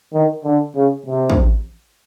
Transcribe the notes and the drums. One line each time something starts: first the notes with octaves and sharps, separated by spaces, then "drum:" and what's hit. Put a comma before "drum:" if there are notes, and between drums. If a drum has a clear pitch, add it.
D#3
D3
C#3
C3
drum: kick